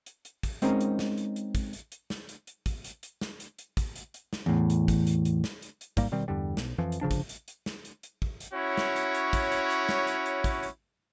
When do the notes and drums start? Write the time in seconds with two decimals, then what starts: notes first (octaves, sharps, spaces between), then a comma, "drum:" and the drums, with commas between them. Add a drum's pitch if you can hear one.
0.06 drum: hi-hat
0.25 drum: hi-hat
0.43 drum: kick, hi-hat
0.62 G#3 C4 C#4 D#4 A#4 C5, drum: hi-hat
0.81 drum: hi-hat
0.99 drum: snare
1.18 drum: hi-hat
1.36 drum: hi-hat
1.55 drum: kick, hi-hat
1.73 drum: hi-hat
1.92 drum: hi-hat
2.10 drum: snare
2.29 drum: hi-hat
2.47 drum: hi-hat
2.66 drum: kick, hi-hat
2.84 drum: hi-hat
3.03 drum: hi-hat
3.21 drum: snare
3.40 drum: hi-hat
3.59 drum: hi-hat
3.77 drum: kick, hi-hat
3.96 drum: hi-hat
4.14 drum: hi-hat
4.33 drum: snare
4.46 E2 A2
4.70 drum: hi-hat
4.88 drum: kick, hi-hat
5.07 drum: hi-hat
5.25 drum: hi-hat
5.44 drum: snare
5.62 drum: hi-hat
5.81 drum: hi-hat
5.97 G#2 G3 A#3, drum: kick, hi-hat
6.12 B2 D#3 G3 C4
6.28 E2 G2 D3 G3
6.57 B1, drum: snare
6.78 F2 E3 F3
6.92 drum: hi-hat
7.01 G1 C#3 F3 D4
7.11 drum: kick, hi-hat
7.29 drum: hi-hat
7.48 drum: hi-hat
7.66 drum: snare
7.85 drum: hi-hat
8.03 drum: hi-hat
8.22 drum: kick
8.40 drum: hi-hat
8.53 C#4 E4 F#4 C#5
8.77 drum: snare
8.96 drum: hi-hat
9.15 drum: hi-hat
9.33 drum: kick, hi-hat
9.52 drum: hi-hat
9.70 drum: hi-hat
9.89 drum: snare
10.07 drum: hi-hat
10.26 drum: hi-hat
10.44 drum: kick, hi-hat
10.63 drum: hi-hat